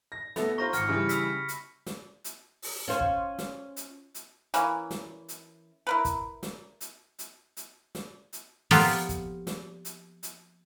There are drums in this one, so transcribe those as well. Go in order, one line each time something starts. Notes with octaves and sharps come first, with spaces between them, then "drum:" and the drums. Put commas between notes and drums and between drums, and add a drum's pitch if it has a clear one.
A#6
A3 B3 A4 B5, drum: snare
F4 C5 A#5 C#6 A#6
G#1 F6 C#7, drum: hi-hat
C#3 E3 G3
B5 E6 B6, drum: hi-hat
drum: hi-hat
drum: snare
drum: hi-hat
drum: open hi-hat
C#4 F4 C5
drum: kick
drum: snare
drum: hi-hat
drum: hi-hat
E3 A#3 C#4, drum: hi-hat
drum: snare
drum: hi-hat
E4 A#4 B4
drum: kick, hi-hat
drum: snare
drum: hi-hat
drum: hi-hat
drum: hi-hat
drum: snare
drum: hi-hat
F3 A#3 B3 F4 G4 A4, drum: open hi-hat
drum: kick, hi-hat
drum: snare
drum: hi-hat
drum: hi-hat